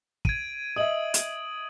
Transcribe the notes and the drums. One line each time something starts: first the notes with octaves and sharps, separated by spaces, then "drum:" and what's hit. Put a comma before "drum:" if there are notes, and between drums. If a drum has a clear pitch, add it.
G#6 D7 D#7, drum: kick
D#5 E5 D#6 F#7
drum: hi-hat